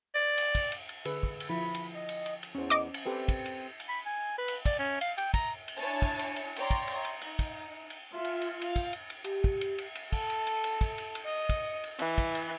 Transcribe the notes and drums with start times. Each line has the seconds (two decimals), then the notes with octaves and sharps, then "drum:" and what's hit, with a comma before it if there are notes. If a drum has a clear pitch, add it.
0.14 D5
0.38 drum: cymbal
0.55 drum: kick, cymbal
0.72 drum: cymbal
0.89 drum: cymbal
1.05 D3 G#4 B4 E6, drum: cymbal
1.23 drum: kick
1.40 drum: cymbal
1.50 F3 E4 B5
1.75 drum: cymbal
1.95 D#5
2.09 drum: cymbal
2.26 drum: cymbal
2.43 drum: cymbal
2.55 E2 C#4 C5
2.70 D#5 D6
2.94 drum: cymbal
3.05 C4 G4 A4 B4
3.28 drum: kick, cymbal
3.46 drum: cymbal
3.80 drum: cymbal
3.89 B5
4.06 G#5
4.38 B4
4.48 drum: cymbal
4.65 D5, drum: kick, cymbal
4.79 C#4
5.01 F5, drum: cymbal
5.18 G5, drum: cymbal
5.34 A#5, drum: kick, cymbal
5.68 drum: cymbal
5.78 D4 E4 C#5 G#5 A5
6.02 drum: kick, cymbal
6.19 drum: cymbal
6.36 drum: cymbal
6.56 C#5 D5 G5 A#5 C6, drum: cymbal
6.71 drum: kick, cymbal
6.88 drum: cymbal
7.05 drum: cymbal
7.21 D#4, drum: cymbal
7.39 drum: kick, cymbal
7.90 drum: cymbal
8.13 F4 E5
8.24 drum: cymbal
8.42 drum: cymbal
8.62 F5, drum: cymbal
8.76 drum: kick, cymbal
8.93 drum: cymbal
9.10 drum: cymbal
9.24 G4, drum: cymbal
9.44 drum: kick
9.61 drum: cymbal
9.78 drum: cymbal
9.95 drum: cymbal
10.12 A4, drum: kick, cymbal
10.30 drum: cymbal
10.47 drum: cymbal
10.64 drum: cymbal
10.81 drum: kick, cymbal
10.98 drum: cymbal
11.15 drum: cymbal
11.25 D#5
11.49 drum: kick, cymbal
11.84 drum: cymbal
11.99 E3, drum: cymbal
12.18 drum: kick, cymbal
12.35 drum: cymbal